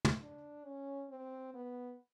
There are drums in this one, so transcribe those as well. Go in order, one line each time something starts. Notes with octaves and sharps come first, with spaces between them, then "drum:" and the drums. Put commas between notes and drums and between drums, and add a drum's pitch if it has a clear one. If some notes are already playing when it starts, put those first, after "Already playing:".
drum: tom
D4
C#4
C4
B3